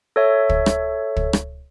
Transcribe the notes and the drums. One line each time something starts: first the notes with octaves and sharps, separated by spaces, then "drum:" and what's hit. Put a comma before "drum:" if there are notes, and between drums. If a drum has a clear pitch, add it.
A4 C#5 E5
drum: kick
drum: rim click
drum: kick
drum: rim click